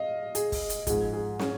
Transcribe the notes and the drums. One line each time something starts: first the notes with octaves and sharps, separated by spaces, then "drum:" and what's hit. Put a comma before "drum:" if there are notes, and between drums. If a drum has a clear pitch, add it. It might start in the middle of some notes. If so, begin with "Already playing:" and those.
Already playing: D#5 F5
G#4, drum: hi-hat
drum: kick, open hi-hat
drum: hi-hat
G#2 F3 G#4, drum: kick, hi-hat
G#4
C#4, drum: snare